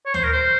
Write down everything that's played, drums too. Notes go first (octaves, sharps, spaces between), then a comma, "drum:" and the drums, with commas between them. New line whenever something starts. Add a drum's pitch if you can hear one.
C#5
C5, drum: tom D2
A#4
C5